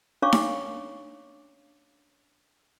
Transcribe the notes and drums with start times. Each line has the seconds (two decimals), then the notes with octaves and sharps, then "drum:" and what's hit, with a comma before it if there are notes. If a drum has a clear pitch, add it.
0.22 C#4 D4 C#5 F5 C#6 D6
0.33 drum: snare D#4